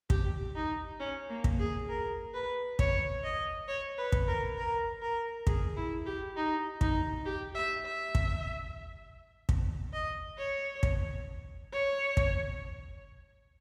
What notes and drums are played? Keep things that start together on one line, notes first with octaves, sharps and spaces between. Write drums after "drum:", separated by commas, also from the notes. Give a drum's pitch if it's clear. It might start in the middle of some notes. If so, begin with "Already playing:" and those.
G4, drum: kick
D#4
C#4
A#3
drum: kick
G#4
A#4
B4
C#5, drum: kick
D#5
C#5
B4
drum: kick
A#4
A#4
A#4
G#4, drum: kick
E4
G4
D#4
D#4, drum: kick
G4
E5
E5
drum: kick
drum: kick
D#5
C#5
drum: kick
C#5
drum: kick